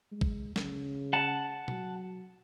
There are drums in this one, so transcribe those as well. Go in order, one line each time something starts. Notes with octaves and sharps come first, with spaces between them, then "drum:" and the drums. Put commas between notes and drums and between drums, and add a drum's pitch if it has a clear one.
G#3
drum: kick A1
C#3, drum: snare
F#5 A5
F#3, drum: tom B2